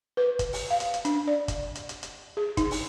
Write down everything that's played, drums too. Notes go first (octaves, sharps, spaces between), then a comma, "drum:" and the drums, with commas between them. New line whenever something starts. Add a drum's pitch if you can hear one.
B4
drum: kick G1, hi-hat
drum: open hi-hat
F5
drum: hi-hat
drum: hi-hat
D4, drum: hi-hat
D5
drum: kick G1, hi-hat
drum: hi-hat
drum: hi-hat
drum: hi-hat
G#4
D#4, drum: kick G1, hi-hat
drum: open hi-hat